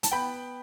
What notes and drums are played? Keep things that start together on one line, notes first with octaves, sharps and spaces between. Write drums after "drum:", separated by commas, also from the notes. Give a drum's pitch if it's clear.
A5, drum: hi-hat
B3 G5 B5